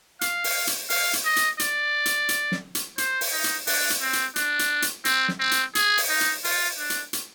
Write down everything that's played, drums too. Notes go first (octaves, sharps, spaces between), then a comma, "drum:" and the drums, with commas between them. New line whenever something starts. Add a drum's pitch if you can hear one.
F5, drum: hi-hat
drum: open hi-hat
drum: hi-hat
F5, drum: open hi-hat
drum: hi-hat
D#5
drum: hi-hat
D5, drum: hi-hat
drum: hi-hat
drum: hi-hat
drum: snare
drum: hi-hat
C5, drum: hi-hat
drum: open hi-hat
D#4
drum: hi-hat
D4, drum: open hi-hat
drum: hi-hat
C4
drum: hi-hat
D4, drum: hi-hat
drum: hi-hat
drum: hi-hat
C4, drum: hi-hat
drum: snare
C4
drum: hi-hat
G#4, drum: hi-hat
drum: open hi-hat
D#4
drum: hi-hat
F4, drum: open hi-hat
D4
drum: hi-hat
drum: hi-hat